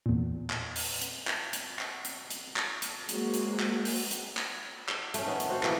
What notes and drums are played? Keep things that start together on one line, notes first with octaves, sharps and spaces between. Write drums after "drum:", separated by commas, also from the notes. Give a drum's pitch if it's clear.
E2 A#2
drum: clap
drum: open hi-hat
drum: hi-hat
drum: clap
drum: hi-hat
drum: clap
drum: hi-hat
drum: hi-hat
drum: clap
drum: hi-hat
F#3 G#3 A#3 F#4 G#4 C5, drum: hi-hat
drum: hi-hat
drum: clap
drum: open hi-hat
drum: hi-hat
drum: clap
drum: clap
A3 C#4, drum: hi-hat
D#3 B3 C#4
drum: hi-hat
C4 F#4 A4 C5
B2 E3 A#3 E4, drum: clap